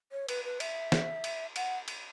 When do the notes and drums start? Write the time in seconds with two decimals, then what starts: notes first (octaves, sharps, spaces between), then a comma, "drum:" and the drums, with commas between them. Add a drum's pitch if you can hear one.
0.12 C#5
0.29 B4, drum: cymbal
0.45 B4
0.60 E5, drum: cymbal
0.92 drum: snare
1.24 drum: cymbal
1.56 F#5, drum: cymbal
1.88 drum: cymbal